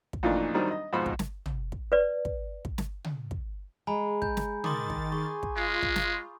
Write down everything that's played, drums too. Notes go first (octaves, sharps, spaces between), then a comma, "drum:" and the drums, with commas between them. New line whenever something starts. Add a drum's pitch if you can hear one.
drum: kick
F2 A#2 E3 A3 D4 D#4
D#3 F#3 G3 C4 D4 D#4
D#5
F2 G#2 B2 C5 B5
drum: kick
drum: snare
drum: tom
drum: kick
B4 D5
drum: kick
drum: kick
drum: snare
drum: tom
drum: kick
G#3 G#5 A#5 B5
G#5 G6, drum: kick
drum: snare
D#3 C6 D6 D#6 A6, drum: tom
drum: kick
G#4 C#6
drum: kick
G#3 F4
drum: kick
drum: snare